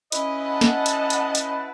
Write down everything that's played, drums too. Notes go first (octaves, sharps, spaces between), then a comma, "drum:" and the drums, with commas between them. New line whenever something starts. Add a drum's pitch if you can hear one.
C#4 E4 B4 D#5, drum: hi-hat
F#5 A5
drum: snare
drum: hi-hat
drum: hi-hat
drum: hi-hat